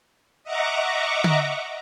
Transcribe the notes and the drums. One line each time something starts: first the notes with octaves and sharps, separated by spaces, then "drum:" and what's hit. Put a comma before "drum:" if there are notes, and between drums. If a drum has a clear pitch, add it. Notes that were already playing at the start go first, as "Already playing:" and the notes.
D#5 E5 F#5 A#5 C#6 D6
drum: tom D3